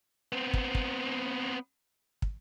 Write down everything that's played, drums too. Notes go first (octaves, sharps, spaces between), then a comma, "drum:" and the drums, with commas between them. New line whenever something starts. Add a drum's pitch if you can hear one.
B3 C4
drum: kick
drum: kick
drum: kick